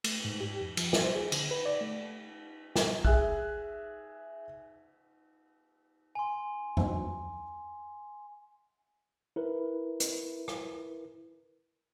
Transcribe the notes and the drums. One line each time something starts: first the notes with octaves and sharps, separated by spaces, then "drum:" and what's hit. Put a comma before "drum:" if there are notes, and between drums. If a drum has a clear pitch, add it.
A3, drum: cymbal
G#2
G4
F2
F3, drum: cymbal
drum: snare
C5
G#4
D3, drum: cymbal
B4
D5
A3
drum: snare
G#4 E5 F#6, drum: kick
G#5 C6
drum: tom F2
E4 A#4 B4
drum: hi-hat
drum: rim click